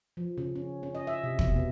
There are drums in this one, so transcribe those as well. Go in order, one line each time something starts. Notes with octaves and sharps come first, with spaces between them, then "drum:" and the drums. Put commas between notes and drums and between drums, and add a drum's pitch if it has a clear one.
F3
C#3
C#4
C#4
D#5
E5
C3
B2, drum: kick
B3